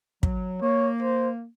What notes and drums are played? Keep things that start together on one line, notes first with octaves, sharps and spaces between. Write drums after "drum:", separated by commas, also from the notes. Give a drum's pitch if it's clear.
F#3, drum: kick
A#3 C#5
C5